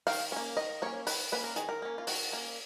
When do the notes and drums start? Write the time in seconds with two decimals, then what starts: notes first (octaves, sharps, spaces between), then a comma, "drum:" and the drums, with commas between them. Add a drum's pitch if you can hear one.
0.07 D#3 F5, drum: open hi-hat
0.32 A#3 C#4
0.57 D#3 D#5
0.82 A#3 C#4 C#5
1.07 D#3 B4, drum: open hi-hat
1.32 A#3 C#4 B4
1.44 A#4
1.56 D#3 G#4, drum: hi-hat
1.69 A#4
1.82 A#3 C#4
1.98 F4
2.07 D#3 F#4, drum: open hi-hat
2.32 A#3 C#4